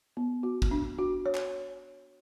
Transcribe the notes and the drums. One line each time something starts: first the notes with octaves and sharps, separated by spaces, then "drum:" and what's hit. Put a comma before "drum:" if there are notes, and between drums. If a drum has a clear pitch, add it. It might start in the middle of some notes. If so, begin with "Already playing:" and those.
B3
F#4
drum: kick G#1
D4
F#4
C#5
drum: clap